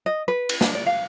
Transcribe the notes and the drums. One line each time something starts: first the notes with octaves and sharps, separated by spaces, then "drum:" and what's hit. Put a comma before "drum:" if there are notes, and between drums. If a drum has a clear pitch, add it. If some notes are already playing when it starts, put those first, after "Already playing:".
D#5
B4
drum: cymbal
D4, drum: snare
D5
F5